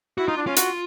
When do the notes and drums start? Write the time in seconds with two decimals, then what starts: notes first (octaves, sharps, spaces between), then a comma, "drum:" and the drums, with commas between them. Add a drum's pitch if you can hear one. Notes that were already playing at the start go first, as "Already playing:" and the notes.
0.18 E4 F#4
0.28 D#4 F4
0.37 D4
0.47 C#4 F4
0.56 F#4, drum: hi-hat